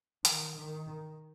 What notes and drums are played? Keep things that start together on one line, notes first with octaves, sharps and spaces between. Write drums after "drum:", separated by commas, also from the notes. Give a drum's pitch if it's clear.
D#3, drum: hi-hat
D#3